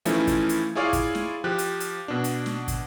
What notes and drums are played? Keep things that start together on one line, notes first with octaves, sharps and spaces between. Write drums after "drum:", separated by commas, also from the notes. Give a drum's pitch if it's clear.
E3 F3 A3 C#4 D#4 E4, drum: hi-hat
drum: kick, hi-hat
drum: hi-hat
E4 F4 G#4 C#5 D5 F5
drum: kick, hi-hat
drum: snare
F3 G4 F#6
drum: hi-hat
drum: hi-hat
B2 D4
drum: hi-hat
drum: snare
drum: kick, hi-hat